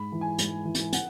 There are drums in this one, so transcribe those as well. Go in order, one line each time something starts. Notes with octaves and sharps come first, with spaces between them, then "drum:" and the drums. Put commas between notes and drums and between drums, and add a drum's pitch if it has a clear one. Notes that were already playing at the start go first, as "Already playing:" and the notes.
Already playing: G#2 B5
E3
G#5
G#2, drum: hi-hat
E3
drum: hi-hat
F#5, drum: hi-hat